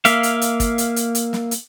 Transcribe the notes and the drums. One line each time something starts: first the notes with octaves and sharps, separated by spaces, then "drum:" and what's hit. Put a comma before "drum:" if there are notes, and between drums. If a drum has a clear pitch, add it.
A#3 E5 F5, drum: hi-hat
drum: hi-hat
drum: hi-hat
drum: kick, hi-hat
drum: hi-hat
drum: hi-hat
drum: hi-hat
drum: snare
drum: hi-hat